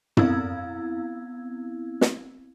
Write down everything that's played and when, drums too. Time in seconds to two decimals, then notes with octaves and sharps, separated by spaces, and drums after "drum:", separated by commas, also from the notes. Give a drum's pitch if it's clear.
0.17 B3 C4 E4 F5 E6 G#6, drum: tom
2.01 drum: snare